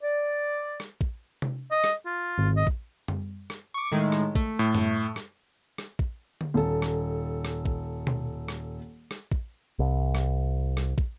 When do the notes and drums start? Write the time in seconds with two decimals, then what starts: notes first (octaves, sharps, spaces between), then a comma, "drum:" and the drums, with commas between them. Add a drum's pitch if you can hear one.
0.02 D5
0.80 drum: rim click
1.01 drum: kick
1.42 drum: tom C3
1.71 D#5
1.84 drum: rim click
2.06 F4
2.38 G#1
2.57 D#5
2.67 drum: kick
3.08 drum: tom F#2
3.50 drum: rim click
3.74 C#6 D6
3.91 A2 D#3 G#3
4.12 drum: rim click
4.35 A3, drum: kick
4.59 A2
4.75 drum: tom F#2
5.16 drum: rim click
5.78 drum: rim click
5.99 drum: kick
6.41 drum: tom D3
6.54 D#1 A4
6.82 drum: rim click
7.45 drum: rim click
7.65 drum: kick
8.07 drum: tom B2
8.48 drum: rim click
9.11 drum: rim click
9.32 drum: kick
9.79 C2
10.15 drum: rim click
10.77 drum: rim click
10.98 drum: kick